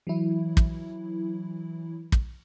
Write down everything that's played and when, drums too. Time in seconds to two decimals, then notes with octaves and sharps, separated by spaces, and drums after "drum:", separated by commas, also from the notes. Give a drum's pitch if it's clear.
0.07 E3 F#3 E4
0.57 drum: kick
2.12 drum: kick